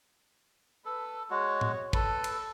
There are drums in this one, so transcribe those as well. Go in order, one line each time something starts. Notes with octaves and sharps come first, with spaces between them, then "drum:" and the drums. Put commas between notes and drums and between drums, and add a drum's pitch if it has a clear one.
A4 B4
G#3 F#4 C#5
drum: tom A2
A4 B4, drum: kick
drum: cymbal